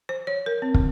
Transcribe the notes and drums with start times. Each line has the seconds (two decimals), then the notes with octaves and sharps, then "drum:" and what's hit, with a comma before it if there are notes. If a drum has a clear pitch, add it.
0.09 C5
0.27 C#5
0.46 A#4
0.62 C4
0.74 drum: kick